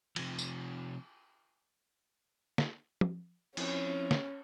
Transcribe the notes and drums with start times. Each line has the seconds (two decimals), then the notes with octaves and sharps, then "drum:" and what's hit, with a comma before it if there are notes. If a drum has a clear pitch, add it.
0.16 C3 F3, drum: cymbal
0.38 drum: tambourine
2.58 drum: snare
3.01 drum: tom
3.57 F3 C4 C#4 E4, drum: cymbal
4.11 drum: snare